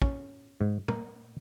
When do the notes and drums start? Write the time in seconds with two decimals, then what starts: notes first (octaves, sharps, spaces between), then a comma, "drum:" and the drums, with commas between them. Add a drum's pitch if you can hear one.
0.02 C#4, drum: kick
0.61 G#2
0.88 A#4, drum: tom